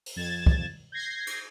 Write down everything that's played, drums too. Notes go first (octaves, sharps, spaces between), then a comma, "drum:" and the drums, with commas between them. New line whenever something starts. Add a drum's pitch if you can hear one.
drum: open hi-hat
F2 G#6 A6 E7
drum: kick
G6 G#6 A#6 C7
drum: cymbal